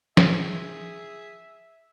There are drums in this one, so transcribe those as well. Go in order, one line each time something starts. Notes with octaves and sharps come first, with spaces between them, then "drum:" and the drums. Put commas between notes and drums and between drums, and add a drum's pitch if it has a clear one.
G#4 E5, drum: snare